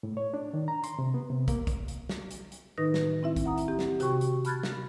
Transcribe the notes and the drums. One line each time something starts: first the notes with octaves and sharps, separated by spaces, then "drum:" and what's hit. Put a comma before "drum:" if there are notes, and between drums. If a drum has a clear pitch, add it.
A2
C#5
D4
D#3
A#5
C6, drum: hi-hat
C3
B3
C3
A#3, drum: kick, hi-hat
drum: kick, hi-hat
drum: hi-hat
drum: snare
drum: hi-hat
drum: hi-hat
A2 D#3 D#4 B4 D#6 A#6
drum: snare
C4 E4 E5
drum: kick, hi-hat
F#5 A#5 D#6
drum: hi-hat
C4 G4
drum: snare
C3 F#4 G5 C#6, drum: hi-hat
drum: hi-hat
A5 B5 F6 F#6 G#6 A6, drum: hi-hat
drum: snare